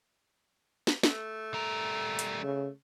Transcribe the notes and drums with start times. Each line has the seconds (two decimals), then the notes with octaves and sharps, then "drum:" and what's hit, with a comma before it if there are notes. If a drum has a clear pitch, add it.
0.87 drum: snare
1.03 A3, drum: snare
1.54 G3 A#4
2.19 drum: hi-hat
2.43 C#3